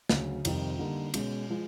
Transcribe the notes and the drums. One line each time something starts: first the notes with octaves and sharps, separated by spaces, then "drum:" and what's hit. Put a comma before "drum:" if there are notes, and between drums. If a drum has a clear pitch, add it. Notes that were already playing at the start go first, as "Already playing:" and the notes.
D2 C#3 F#3, drum: snare
F2 C3 D#3 G3, drum: cymbal
D3 G3 A#3 D#4
B2 G#3 C#4, drum: cymbal
F3 G#3